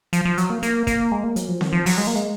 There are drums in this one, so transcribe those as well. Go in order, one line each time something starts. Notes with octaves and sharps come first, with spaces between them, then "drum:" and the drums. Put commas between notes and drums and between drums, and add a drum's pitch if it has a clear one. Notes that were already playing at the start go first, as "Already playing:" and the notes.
F3, drum: hi-hat
F3
F#3, drum: hi-hat
A#3
A#3, drum: hi-hat
A#3, drum: kick, hi-hat
G#3
A#3
F#3, drum: hi-hat
F3
D#3, drum: snare C4
F3
F#3, drum: open hi-hat
G#3
A#3
G#3